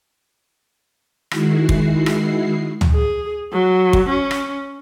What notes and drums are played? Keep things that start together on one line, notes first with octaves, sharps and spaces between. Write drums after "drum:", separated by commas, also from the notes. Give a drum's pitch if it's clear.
D#3 G#3 E4 F#4 C7, drum: rim click
drum: kick
drum: rim click
drum: tom
G#4
F#3
drum: kick
C#4
drum: rim click